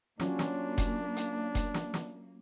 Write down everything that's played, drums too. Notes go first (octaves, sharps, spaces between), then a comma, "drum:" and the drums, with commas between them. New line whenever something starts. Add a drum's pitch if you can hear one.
F#3 A#3 C#4 D4 F4, drum: snare
drum: snare
drum: kick F1, hi-hat
drum: hi-hat
drum: kick F1, hi-hat
drum: snare
drum: snare